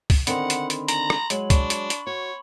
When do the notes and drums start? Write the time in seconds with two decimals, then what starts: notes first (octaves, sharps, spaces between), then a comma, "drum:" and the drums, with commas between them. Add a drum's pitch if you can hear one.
0.10 drum: kick, open hi-hat
0.27 D3 D#3 C4 F#5 B5 C6, drum: hi-hat
0.50 drum: hi-hat
0.70 drum: hi-hat
0.88 A#5 F#7, drum: hi-hat
1.10 drum: rim click
1.30 F#3 G#3, drum: hi-hat
1.50 D4 B5 C#6, drum: kick, hi-hat
1.70 drum: hi-hat
1.90 drum: hi-hat
2.07 F#4 C#5